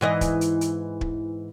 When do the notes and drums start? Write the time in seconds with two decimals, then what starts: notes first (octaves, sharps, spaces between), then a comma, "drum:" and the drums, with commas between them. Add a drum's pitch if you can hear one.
0.01 G#2 E3 D#5
0.21 drum: kick, hi-hat
0.41 drum: hi-hat
0.61 drum: hi-hat
1.01 drum: kick